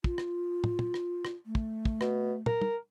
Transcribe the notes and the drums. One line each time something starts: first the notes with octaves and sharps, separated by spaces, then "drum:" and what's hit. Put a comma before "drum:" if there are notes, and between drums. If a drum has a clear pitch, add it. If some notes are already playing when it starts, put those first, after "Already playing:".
F4, drum: kick
drum: rim click
drum: tom
drum: tom
drum: rim click
drum: rim click
A3
drum: kick
drum: kick
B2, drum: rim click
A#4, drum: tom
drum: tom